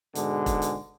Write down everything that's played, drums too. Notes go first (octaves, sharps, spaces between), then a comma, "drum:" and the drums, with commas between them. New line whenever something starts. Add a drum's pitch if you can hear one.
G#2 B2 D3 G#3, drum: hi-hat
drum: kick E1, hi-hat
drum: hi-hat